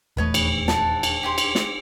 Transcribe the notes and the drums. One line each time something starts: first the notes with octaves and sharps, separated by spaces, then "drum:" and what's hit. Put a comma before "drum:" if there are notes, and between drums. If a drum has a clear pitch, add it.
D#1 E2 A3 B4 C#5 D#5
drum: cymbal
F#5 A5, drum: snare
drum: cymbal
G4 G#5 C6
drum: cymbal
drum: snare